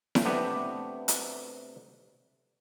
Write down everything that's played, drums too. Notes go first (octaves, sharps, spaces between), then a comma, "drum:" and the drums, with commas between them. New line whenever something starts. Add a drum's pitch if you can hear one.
drum: snare E4
C3 A3 B3 D4 G4 B4
drum: hi-hat